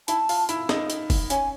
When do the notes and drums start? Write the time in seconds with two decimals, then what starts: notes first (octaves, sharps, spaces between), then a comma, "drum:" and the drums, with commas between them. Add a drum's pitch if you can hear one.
0.08 E4 A5, drum: hi-hat
0.29 F4, drum: open hi-hat
0.49 E4, drum: hi-hat
0.69 D#4, drum: snare
0.90 drum: hi-hat
1.10 drum: kick F1, open hi-hat
1.30 C#4 G#5, drum: hi-hat